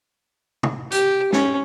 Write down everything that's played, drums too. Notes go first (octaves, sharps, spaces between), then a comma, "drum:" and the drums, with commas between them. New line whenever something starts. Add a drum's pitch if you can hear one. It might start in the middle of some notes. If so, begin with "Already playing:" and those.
drum: tom
G4, drum: hi-hat
C#4, drum: snare